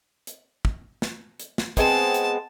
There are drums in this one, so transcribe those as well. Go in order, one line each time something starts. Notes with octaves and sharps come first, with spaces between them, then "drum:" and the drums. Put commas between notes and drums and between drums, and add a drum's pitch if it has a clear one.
drum: hi-hat
drum: kick
drum: snare
drum: hi-hat
drum: snare
G#3 B3 C4 A5, drum: kick, hi-hat
drum: hi-hat